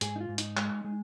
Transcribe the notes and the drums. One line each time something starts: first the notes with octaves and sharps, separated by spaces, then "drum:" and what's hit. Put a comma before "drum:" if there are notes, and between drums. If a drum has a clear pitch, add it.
G#2 G#4, drum: hi-hat
D#4
F4
G#2
D#4, drum: hi-hat
G#3, drum: clap
G#3